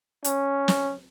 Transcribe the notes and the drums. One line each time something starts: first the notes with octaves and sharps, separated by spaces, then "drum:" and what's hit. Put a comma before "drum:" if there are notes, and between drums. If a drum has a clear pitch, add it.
C#4, drum: hi-hat
drum: snare